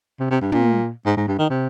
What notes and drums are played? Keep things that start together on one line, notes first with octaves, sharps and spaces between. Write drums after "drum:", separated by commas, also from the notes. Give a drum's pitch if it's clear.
C3
C3
G2
A#2, drum: tom
G#2
G#2
G2
D#3
C3